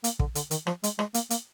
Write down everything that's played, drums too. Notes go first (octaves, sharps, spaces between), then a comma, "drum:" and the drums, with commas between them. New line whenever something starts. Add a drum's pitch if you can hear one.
A#3, drum: hi-hat
D3, drum: kick
D3, drum: hi-hat
D#3, drum: hi-hat
F3, drum: rim click
G#3, drum: hi-hat
G#3, drum: rim click
A#3, drum: hi-hat
A#3, drum: hi-hat